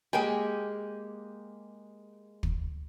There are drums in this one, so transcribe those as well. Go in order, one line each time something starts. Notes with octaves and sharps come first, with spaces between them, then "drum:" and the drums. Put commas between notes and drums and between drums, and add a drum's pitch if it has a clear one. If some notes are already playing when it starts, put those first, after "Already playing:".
G#3 A#3 G4 G#4 G5 G#5
drum: kick